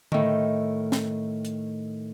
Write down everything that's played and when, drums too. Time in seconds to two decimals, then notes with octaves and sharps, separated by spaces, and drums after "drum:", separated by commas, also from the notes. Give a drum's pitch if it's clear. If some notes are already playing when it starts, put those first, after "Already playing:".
0.12 A2 D#3, drum: tom D3
0.92 drum: snare
1.45 drum: hi-hat